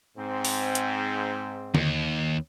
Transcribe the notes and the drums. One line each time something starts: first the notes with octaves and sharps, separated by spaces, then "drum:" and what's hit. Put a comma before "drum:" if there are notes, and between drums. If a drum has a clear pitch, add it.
G#2 C4
drum: open hi-hat
drum: hi-hat
D#2, drum: tom D3